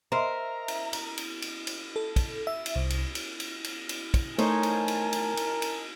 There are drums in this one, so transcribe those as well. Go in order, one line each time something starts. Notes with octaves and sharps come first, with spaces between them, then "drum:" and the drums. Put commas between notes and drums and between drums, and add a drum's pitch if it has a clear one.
A#4 C5 D#5 E5 A#5
drum: cymbal
drum: cymbal
drum: cymbal
drum: cymbal
drum: cymbal
A4
drum: kick, cymbal
E5
drum: cymbal
C2
drum: cymbal
drum: cymbal
drum: cymbal
drum: cymbal
drum: cymbal
drum: kick, cymbal
A3 D#4 A#4 C5 C#5 G#5 A5, drum: cymbal
drum: cymbal
drum: cymbal
drum: cymbal
drum: cymbal
drum: cymbal